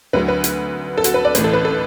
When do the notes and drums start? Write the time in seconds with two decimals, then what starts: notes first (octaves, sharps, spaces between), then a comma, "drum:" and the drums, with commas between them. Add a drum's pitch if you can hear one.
0.13 D2 D3 F#3 B4
0.28 B4
0.44 drum: hi-hat
0.98 A4
1.04 F#4, drum: hi-hat
1.14 B4
1.25 D5
1.35 A1 A2 E3 B4, drum: hi-hat
1.44 A4
1.53 B4
1.65 A4